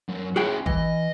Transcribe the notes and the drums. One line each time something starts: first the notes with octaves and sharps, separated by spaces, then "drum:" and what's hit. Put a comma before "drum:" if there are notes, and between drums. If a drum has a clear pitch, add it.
F#2
C#4 E4 F#4 G#4 G5
E3 D#5, drum: kick G#1